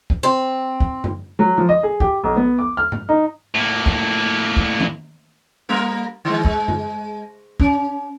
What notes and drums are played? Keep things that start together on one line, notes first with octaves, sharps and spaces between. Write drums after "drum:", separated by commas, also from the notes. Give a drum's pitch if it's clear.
drum: kick
C4
drum: kick
drum: tom F#2
F#3
F3
D#5
G#4
G4, drum: kick
B1
B3
D6
F6
drum: tom G2
D#4
A2 A#3
drum: kick
drum: kick
drum: tom D#3
G3 A#3 A#4
D#3 G#3
G#3, drum: kick
drum: tom F#2
C#4, drum: kick